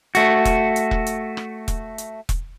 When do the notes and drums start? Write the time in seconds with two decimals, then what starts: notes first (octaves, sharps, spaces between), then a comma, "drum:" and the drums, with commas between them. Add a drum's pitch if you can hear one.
0.15 A3 F#4, drum: hi-hat
0.45 drum: kick E1, hi-hat
0.76 drum: hi-hat
0.91 drum: kick E1
1.06 drum: hi-hat
1.37 drum: rim click
1.68 drum: kick E1, hi-hat
1.98 drum: hi-hat
2.29 drum: kick E1, hi-hat